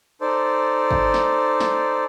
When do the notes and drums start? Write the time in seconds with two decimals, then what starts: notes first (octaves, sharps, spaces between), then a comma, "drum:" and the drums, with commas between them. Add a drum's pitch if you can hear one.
0.21 D#4 A4 C5 D5
0.91 drum: kick G1
1.14 drum: snare
1.60 drum: snare